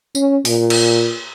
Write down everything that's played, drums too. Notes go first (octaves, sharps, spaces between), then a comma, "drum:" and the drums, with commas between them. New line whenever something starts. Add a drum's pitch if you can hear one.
C#4, drum: tambourine
A#2, drum: open hi-hat
drum: cymbal